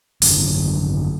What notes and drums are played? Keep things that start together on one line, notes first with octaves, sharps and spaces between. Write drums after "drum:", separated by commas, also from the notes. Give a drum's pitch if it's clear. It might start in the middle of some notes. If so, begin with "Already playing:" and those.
G#1 F#2 D3, drum: open hi-hat